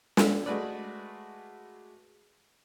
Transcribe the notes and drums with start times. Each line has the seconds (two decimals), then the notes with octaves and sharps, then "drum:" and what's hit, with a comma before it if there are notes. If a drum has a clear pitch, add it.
0.17 drum: snare
0.46 G#3 A3 F#4 B4 D5